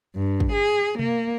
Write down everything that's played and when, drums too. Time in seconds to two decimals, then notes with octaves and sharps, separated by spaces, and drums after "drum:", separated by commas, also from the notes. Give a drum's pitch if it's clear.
0.16 G2
0.40 drum: kick
0.53 G#4
0.99 A#3, drum: tom B2